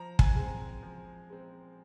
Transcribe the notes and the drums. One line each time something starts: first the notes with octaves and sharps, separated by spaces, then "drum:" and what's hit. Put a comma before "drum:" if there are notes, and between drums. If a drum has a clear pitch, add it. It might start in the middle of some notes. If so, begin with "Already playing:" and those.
Already playing: F3 A#5
G#5, drum: kick
G#3 C4
F3
G#3 C4